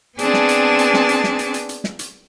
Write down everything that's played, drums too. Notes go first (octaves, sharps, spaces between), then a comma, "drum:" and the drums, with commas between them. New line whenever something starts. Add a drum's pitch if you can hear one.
B3 C4 D4 G#4 G#5 A5, drum: hi-hat
drum: snare
drum: hi-hat
drum: hi-hat
drum: snare
drum: hi-hat
drum: snare
drum: hi-hat
drum: hi-hat
drum: hi-hat
drum: snare
drum: hi-hat